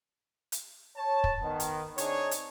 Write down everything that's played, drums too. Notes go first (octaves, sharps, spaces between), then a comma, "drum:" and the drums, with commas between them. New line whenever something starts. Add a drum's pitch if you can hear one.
drum: hi-hat
C#5 A5
drum: kick
D#3 B3
drum: hi-hat
C4 D4 D#4 G#4 C#5, drum: hi-hat
drum: hi-hat